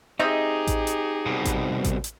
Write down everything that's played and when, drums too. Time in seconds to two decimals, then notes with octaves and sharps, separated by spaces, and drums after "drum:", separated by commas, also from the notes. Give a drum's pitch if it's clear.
0.19 C4 D#4 G4 G#4 D#5 E5
0.67 drum: kick A1, hi-hat
0.87 drum: hi-hat
1.26 C2 B2
1.45 drum: kick A1, hi-hat
1.84 drum: kick A1, hi-hat
2.04 drum: hi-hat